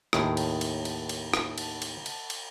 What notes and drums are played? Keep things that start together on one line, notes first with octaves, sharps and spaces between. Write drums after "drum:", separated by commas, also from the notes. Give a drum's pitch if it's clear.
D#2 A2 D#3 G#4, drum: rim click
drum: cymbal
drum: cymbal
drum: cymbal
drum: cymbal
drum: rim click
drum: cymbal
drum: cymbal
drum: cymbal
drum: cymbal